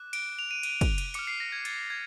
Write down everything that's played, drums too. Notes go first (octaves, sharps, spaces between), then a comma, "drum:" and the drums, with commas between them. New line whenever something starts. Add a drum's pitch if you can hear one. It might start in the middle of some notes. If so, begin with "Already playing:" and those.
Already playing: D6 F#6
D7, drum: cymbal
F7
D#7
D#7, drum: cymbal
D7, drum: kick, cymbal
D#7, drum: cymbal
D6 F6 C#7, drum: cymbal
C7
A#6
G#6
A6, drum: cymbal
G#6